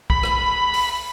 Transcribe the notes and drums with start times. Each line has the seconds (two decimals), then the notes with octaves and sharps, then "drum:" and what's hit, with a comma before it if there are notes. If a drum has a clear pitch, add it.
0.10 B5, drum: kick
0.23 drum: rim click
0.74 drum: open hi-hat